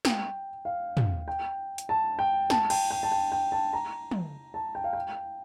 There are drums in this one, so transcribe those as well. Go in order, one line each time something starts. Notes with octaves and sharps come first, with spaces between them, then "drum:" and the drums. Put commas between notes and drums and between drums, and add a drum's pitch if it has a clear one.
G5, drum: snare
F5
drum: tom
G5
drum: hi-hat
A5
G5
A5, drum: snare
G5, drum: cymbal
G5
A5
G5
G5
A5
A#5
drum: tom
A5
G5
F5
G5